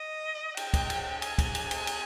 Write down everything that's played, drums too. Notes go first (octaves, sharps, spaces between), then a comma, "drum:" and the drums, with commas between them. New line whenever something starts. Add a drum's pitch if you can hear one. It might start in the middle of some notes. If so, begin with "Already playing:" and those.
Already playing: D#5
G5, drum: cymbal
drum: kick, cymbal
drum: cymbal
G#5, drum: cymbal
drum: kick, cymbal
drum: cymbal
drum: cymbal
drum: cymbal